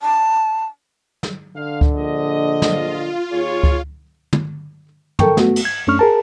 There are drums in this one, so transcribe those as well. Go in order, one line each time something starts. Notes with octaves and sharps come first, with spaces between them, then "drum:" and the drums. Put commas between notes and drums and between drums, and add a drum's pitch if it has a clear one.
A5
drum: snare
D3 F5
drum: kick C#2
A#1 D#5
F4, drum: snare
D#2 G#4 C#5
drum: kick C#2
drum: tom
A4 A#4 G5 C#6, drum: tom
A3 B3 F#4, drum: snare
drum: cymbal
G#6
F#2 A3 C#4 D4 C#6 F6
G#4 A#4 A5